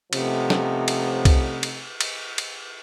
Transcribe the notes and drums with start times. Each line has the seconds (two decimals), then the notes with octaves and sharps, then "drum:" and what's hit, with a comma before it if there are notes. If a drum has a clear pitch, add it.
0.13 C3 F3 A3 B3 C#4 D#4, drum: cymbal
0.50 drum: snare
0.88 drum: cymbal
1.25 drum: kick, cymbal
1.63 drum: cymbal
2.01 drum: cymbal
2.38 drum: cymbal